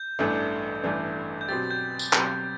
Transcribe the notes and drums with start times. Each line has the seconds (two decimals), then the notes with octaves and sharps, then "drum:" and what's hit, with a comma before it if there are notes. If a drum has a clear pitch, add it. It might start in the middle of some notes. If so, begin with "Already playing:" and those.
Already playing: G6
0.19 A1 G2 E3 A3 D4
0.83 A1 G2 E3 A3 D4
1.41 G6
1.48 B2 F#3 C4 G4 A6
1.71 G6
1.99 drum: tambourine
2.13 B2 F#3 C4 G4, drum: clap